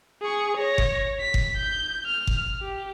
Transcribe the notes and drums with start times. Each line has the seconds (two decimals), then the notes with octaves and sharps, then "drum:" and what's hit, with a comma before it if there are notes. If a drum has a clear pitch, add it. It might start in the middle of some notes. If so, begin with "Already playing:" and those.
0.22 G#4 C#6
0.57 C#5 A#6
0.78 drum: kick F#1
1.20 B6
1.34 drum: kick F#1
1.57 G6
2.06 F6
2.27 drum: kick F#1
2.62 G4